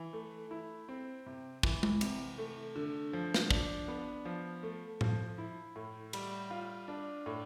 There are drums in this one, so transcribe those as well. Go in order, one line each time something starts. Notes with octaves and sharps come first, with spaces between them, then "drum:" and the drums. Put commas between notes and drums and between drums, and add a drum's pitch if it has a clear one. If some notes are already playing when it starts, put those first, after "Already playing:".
Already playing: E3
A3
E4
C4
C3
E3, drum: kick
drum: tom
C3, drum: cymbal
A3
D3
F3
drum: snare
D4, drum: kick
B3
F3
A3
F3, drum: tom A2
E4
A2
G3, drum: cymbal
F4
D4
A2